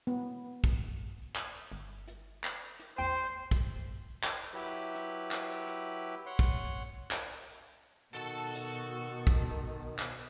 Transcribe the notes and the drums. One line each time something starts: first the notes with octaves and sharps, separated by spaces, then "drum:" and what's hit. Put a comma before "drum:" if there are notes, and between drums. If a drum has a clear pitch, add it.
B3
drum: kick, hi-hat
drum: clap
G1
drum: hi-hat
drum: clap
drum: hi-hat
A1 E2 C5 G5
drum: kick, hi-hat
drum: clap
F#3 E4 G4 B4
drum: hi-hat
drum: clap
drum: hi-hat
C#5 F#5 C6
drum: kick, hi-hat
drum: clap
B2 D#3 F#4 A4 A5
drum: hi-hat
drum: kick, hi-hat
drum: clap